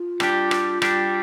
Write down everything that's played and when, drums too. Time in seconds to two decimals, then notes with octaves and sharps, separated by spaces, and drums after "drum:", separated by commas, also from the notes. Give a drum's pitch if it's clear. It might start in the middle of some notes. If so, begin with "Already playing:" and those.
Already playing: F4
0.20 G3 D4 G4, drum: rim click
0.51 drum: rim click
0.82 G3 D4 G4, drum: rim click